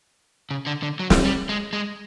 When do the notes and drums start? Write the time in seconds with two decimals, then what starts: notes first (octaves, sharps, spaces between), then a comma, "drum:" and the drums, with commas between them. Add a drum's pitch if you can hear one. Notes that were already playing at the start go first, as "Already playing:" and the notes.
0.51 C#3
0.66 D3
0.83 D3
1.00 F#3
1.10 drum: snare
1.25 G3
1.49 G#3
1.73 G#3